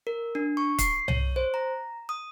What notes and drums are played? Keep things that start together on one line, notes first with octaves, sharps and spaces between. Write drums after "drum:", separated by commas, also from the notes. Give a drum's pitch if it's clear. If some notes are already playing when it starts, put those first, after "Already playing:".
A#4
D4
C#6
C7, drum: kick, hi-hat
C#5, drum: tom C2
C5
A#5
D#6